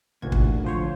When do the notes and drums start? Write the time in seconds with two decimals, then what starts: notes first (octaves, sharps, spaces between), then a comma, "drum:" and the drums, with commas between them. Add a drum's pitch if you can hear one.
0.22 A1 D2 A#2 G#6
0.32 drum: kick
0.64 F3 C5 C#5